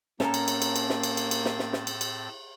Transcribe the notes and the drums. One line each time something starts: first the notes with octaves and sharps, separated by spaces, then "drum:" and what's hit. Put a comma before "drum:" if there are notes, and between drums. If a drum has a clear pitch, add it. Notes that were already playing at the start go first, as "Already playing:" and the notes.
A2 A#3 C4 C#4 A4 A#4 A5, drum: snare
drum: cymbal
drum: cymbal
drum: cymbal
drum: cymbal
drum: snare
drum: cymbal
drum: cymbal
drum: cymbal
drum: snare
drum: snare
drum: snare
drum: cymbal
drum: cymbal